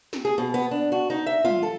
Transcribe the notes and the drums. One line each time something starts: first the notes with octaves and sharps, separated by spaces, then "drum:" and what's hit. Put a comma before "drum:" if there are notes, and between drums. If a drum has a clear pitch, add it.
drum: snare
G#4
B2
B3
D4
F#4
D#4
E5
F4, drum: tom
A4